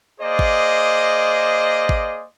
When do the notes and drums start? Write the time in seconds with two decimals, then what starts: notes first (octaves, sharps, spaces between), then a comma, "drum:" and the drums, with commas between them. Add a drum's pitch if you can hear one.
0.20 A#3 G#4 C5 D5 D#5
0.39 drum: kick G#1
1.89 drum: kick G#1